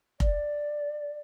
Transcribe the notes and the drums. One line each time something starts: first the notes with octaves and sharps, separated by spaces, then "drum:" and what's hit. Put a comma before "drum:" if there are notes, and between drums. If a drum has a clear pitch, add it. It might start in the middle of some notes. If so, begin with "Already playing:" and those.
D5, drum: kick F1